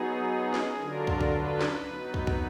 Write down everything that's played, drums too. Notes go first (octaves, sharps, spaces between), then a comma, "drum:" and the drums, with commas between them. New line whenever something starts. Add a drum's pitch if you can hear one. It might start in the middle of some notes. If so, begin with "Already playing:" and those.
Already playing: F#3 B3 D#4 G#4
drum: snare
D3 F#3 D4 F4 A#4
drum: kick
drum: kick
B4
drum: snare
F#3 B3 D#4
drum: kick
drum: kick